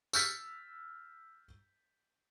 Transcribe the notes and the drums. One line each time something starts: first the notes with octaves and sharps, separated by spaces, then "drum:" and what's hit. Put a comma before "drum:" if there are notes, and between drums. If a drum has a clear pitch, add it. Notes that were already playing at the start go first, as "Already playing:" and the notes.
E6 F6 G6 A6 B6, drum: tambourine